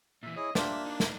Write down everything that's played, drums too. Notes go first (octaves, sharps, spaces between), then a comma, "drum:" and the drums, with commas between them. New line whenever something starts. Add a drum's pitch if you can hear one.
A#2 E3 E5
E4 G#4 C#5 D#5
A#3 D4 F4 G4 C5 E5, drum: snare
D#4 D5
drum: snare